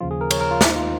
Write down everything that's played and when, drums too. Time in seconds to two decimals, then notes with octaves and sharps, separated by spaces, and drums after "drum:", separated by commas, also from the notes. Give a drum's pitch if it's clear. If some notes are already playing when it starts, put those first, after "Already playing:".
0.01 D#2 C#3 F3 F4
0.11 G#4
0.21 A#4
0.31 C#5, drum: cymbal
0.40 A#4
0.51 F4
0.61 D#2 D#3 D#4, drum: snare
0.76 F4